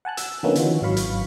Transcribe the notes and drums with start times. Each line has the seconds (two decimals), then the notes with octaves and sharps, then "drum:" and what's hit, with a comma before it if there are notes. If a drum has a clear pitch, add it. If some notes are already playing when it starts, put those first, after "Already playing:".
0.05 F#5 G#5 A5 F#6
0.17 E6, drum: hi-hat
0.43 D3 F3 A#3 B3 C#4 D#4
0.55 D#3 E3 C#4 F4 F#4, drum: hi-hat
0.82 G#1 F#3 F5 B5 C#6
0.97 drum: hi-hat